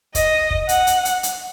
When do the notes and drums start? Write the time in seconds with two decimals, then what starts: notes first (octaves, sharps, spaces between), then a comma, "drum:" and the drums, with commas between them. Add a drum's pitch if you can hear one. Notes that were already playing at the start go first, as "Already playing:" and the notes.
0.15 D#5, drum: kick, hi-hat
0.50 drum: kick
0.69 F#5, drum: hi-hat
0.87 drum: hi-hat
1.05 drum: hi-hat
1.23 drum: hi-hat